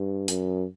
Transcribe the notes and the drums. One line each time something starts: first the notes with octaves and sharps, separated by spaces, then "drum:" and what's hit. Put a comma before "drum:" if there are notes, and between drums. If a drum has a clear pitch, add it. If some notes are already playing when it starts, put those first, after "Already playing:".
Already playing: G2
F#2, drum: hi-hat